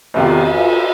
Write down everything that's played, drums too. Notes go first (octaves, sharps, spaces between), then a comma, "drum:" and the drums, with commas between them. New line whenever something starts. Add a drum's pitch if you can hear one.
E2 C3 D#3, drum: cymbal
drum: cymbal